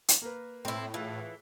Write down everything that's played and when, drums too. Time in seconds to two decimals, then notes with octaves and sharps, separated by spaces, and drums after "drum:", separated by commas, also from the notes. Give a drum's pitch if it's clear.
0.08 drum: hi-hat
0.22 A#3 A#4 B4
0.65 A2 C4 E4
0.94 E3 F4 G#4